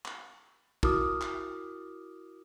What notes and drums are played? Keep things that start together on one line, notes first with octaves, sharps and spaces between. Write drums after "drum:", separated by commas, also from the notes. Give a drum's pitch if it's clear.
drum: clap
E4 F#4 A#4 D6 D#6 F6, drum: kick
drum: clap